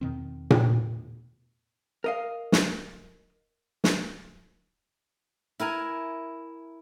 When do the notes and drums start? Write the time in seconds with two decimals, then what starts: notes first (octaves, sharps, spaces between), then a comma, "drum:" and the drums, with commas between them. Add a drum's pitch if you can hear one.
0.01 E2 B2 D#3 C4
0.50 drum: tom A#2
2.04 A#4 D#5 F5
2.52 drum: snare
3.84 drum: snare
5.60 E4 A#4 G#5 A#5